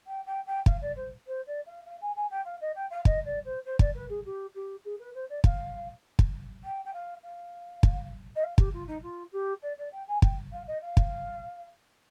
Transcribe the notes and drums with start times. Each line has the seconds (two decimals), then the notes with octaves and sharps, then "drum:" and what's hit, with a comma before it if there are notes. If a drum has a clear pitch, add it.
0.06 G5
0.26 G5
0.46 G5
0.66 F5, drum: kick
0.81 D5
0.96 C5
1.26 C5
1.46 D5
1.66 F5
1.86 F5
2.01 G#5
2.15 G#5
2.30 G5
2.45 F5
2.61 D#5
2.75 G5
2.90 F5
3.05 D#5, drum: kick
3.25 D5
3.45 C5
3.65 C5
3.79 D5, drum: kick
3.95 B4
4.09 G#4
4.25 G4
4.54 G4
4.84 G#4
4.99 B4
5.14 C5
5.29 D5
5.44 F5, drum: kick
6.19 drum: kick
6.64 G5
6.84 G5
6.93 F5
7.23 F5
7.83 drum: kick
8.35 D#5
8.43 F5
8.58 G4, drum: kick
8.73 F4
8.87 D#4
9.02 F4
9.32 G4
9.62 D5
9.78 D5
9.92 G5
10.07 G#5
10.22 G5, drum: kick
10.52 F5
10.67 D#5
10.81 F5
10.97 drum: kick